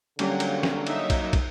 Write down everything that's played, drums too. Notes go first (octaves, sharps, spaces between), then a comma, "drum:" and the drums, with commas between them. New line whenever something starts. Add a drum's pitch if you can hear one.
D3 F#3 G3 A#3 C#4, drum: cymbal
drum: cymbal
drum: snare
D#4 E5, drum: cymbal
drum: kick, cymbal
drum: kick, cymbal